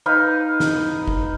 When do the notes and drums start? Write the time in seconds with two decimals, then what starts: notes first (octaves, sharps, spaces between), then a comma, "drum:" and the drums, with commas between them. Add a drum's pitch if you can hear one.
0.06 D#4 B4 F5
0.60 drum: snare
1.08 drum: kick F#1